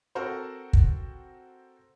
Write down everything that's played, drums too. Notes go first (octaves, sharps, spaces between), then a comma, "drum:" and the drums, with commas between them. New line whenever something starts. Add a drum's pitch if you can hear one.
C4 F#4 A4 A#4 C5
drum: kick